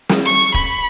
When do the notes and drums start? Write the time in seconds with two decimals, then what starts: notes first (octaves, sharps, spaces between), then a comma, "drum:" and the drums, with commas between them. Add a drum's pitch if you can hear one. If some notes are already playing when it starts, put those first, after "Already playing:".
0.09 drum: snare
0.25 C#6
0.54 B5, drum: kick